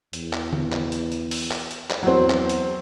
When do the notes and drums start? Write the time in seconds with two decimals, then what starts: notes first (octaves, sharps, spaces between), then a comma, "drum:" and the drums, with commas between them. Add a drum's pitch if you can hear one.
0.13 E2, drum: hi-hat
0.33 drum: clap
0.53 drum: tom
0.72 drum: clap
0.92 drum: hi-hat
1.12 drum: hi-hat
1.31 drum: open hi-hat
1.51 drum: clap
1.71 drum: hi-hat
1.90 drum: clap
2.03 E2 F#3 C4
2.30 drum: clap
2.49 drum: hi-hat